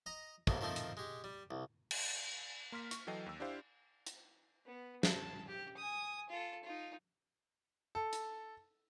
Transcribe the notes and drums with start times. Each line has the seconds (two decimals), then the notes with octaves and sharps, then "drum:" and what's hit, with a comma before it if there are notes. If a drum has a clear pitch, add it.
0.06 D#5 A#5
0.47 D#2 G#2 D#3 A3, drum: kick
0.61 D#3 F3 A3 C4 F4
0.76 drum: hi-hat
0.97 G#3 G4
1.24 G3
1.51 C2
1.91 drum: cymbal
2.72 A#3 C6 F6 B6
2.91 C#6, drum: hi-hat
3.07 E3 F#3 A4 D#5 G5 C7
3.26 D#2 E6
3.40 D4 E4 G4 C5 F5
4.06 drum: hi-hat
4.66 B3
5.03 A5, drum: snare
5.47 G4
5.77 G#5 D#6
6.30 F4 A4
6.64 D#4 F4
7.95 A4
8.13 drum: hi-hat